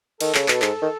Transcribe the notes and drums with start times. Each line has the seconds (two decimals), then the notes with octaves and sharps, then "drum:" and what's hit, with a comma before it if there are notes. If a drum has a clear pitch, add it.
0.21 D#3 A4, drum: cymbal
0.35 C#3, drum: clap
0.48 B2, drum: clap
0.62 G#2, drum: clap
0.82 D#3